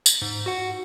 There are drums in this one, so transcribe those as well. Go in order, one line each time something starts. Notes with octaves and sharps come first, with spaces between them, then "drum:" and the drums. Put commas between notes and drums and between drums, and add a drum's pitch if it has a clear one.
drum: tambourine
G#2
F#4 F#5